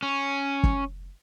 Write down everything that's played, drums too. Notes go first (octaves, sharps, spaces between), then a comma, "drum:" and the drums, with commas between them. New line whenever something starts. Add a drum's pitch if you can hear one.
C#4
drum: kick